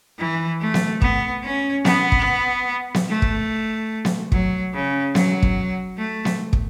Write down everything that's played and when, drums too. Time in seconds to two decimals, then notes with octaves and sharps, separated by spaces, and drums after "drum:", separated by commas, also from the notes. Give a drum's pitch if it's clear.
0.19 E3
0.60 A3
0.74 drum: snare B3
1.02 B3, drum: kick
1.43 C#4
1.85 B3, drum: snare B3
2.12 drum: kick
2.94 drum: snare B3
3.09 A3
3.22 drum: kick
4.05 drum: snare B3
4.32 F#3, drum: kick
4.74 C#3
5.15 F#3, drum: snare B3
5.42 drum: kick
5.98 A3
6.25 drum: snare B3
6.53 drum: kick